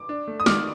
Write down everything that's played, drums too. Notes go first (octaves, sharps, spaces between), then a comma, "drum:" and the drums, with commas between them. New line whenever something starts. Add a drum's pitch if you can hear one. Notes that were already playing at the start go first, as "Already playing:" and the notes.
Already playing: D6
D4
A3
D#6
D#3 D6 F6, drum: snare